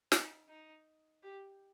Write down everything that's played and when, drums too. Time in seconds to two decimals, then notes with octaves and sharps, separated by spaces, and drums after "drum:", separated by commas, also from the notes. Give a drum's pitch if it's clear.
0.12 D#4, drum: snare
0.48 D#4
1.22 G4